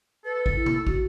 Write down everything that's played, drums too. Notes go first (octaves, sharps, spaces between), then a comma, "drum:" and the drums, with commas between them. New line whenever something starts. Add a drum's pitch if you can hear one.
A4 B4
drum: kick
E4
drum: tom C3
F#4, drum: kick